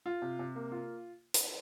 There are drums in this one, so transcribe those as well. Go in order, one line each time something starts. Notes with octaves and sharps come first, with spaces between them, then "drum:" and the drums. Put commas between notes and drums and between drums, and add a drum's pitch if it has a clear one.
F4
C3
C3
A#3
F4
drum: hi-hat